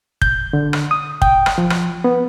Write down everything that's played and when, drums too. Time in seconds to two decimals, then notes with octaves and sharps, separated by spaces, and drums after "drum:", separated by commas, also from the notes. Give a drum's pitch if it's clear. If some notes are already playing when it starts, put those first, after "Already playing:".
0.22 G6, drum: kick
0.53 D3
0.73 drum: rim click
0.91 D#6
1.22 G5, drum: kick
1.46 drum: rim click
1.58 F3
1.70 drum: rim click
2.04 B3